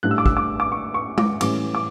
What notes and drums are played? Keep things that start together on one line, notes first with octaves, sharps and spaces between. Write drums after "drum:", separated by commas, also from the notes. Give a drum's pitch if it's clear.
A2 G3 D4 F#6
E6
D6
E6, drum: kick
D6
D6
C#6
C#6
D6, drum: tom G#3
A2 E3 G3 C#4 D6, drum: cymbal
D6